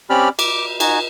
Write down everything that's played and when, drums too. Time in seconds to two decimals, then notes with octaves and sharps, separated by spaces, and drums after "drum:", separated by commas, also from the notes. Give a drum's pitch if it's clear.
0.10 C4 C#4 G4 D5 B5 F6
0.39 D6, drum: cymbal
0.80 D#4 F#4 G#5, drum: cymbal